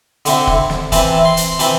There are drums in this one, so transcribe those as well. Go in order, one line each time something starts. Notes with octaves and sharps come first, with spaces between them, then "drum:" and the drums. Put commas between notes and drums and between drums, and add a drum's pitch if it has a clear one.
D3 C4 E4, drum: hi-hat
drum: kick
drum: snare
E3 C4 E4 A5, drum: kick, hi-hat
C6
drum: hi-hat
E3 C4 E4 A5, drum: hi-hat